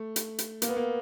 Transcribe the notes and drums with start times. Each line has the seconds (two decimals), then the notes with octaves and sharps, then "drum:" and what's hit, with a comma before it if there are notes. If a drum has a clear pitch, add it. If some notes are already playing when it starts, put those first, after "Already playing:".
Already playing: A3
0.16 drum: hi-hat
0.39 drum: hi-hat
0.62 A#3, drum: hi-hat
0.69 B3
0.76 A#3